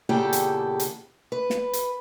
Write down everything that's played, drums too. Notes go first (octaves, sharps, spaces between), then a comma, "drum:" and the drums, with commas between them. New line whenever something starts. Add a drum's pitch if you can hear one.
E2 A#2 C#3 G4 A4 G5
drum: hi-hat
drum: hi-hat
B4
drum: snare
drum: hi-hat